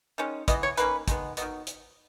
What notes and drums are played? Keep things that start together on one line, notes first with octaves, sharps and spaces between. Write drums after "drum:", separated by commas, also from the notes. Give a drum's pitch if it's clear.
D#3 G#3 C#4
E3 B3 D#5, drum: kick, hi-hat
C#5
D#3 A#3 C#4 B4, drum: hi-hat
D#3 G#3 B3, drum: kick, hi-hat
D#3 F#3 B3 D#5, drum: hi-hat
drum: hi-hat